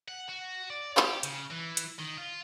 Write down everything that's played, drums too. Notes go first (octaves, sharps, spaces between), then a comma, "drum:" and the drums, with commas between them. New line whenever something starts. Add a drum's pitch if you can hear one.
F#5
F#4
D5
G4, drum: clap
C#3, drum: hi-hat
E3
drum: hi-hat
D#3
F4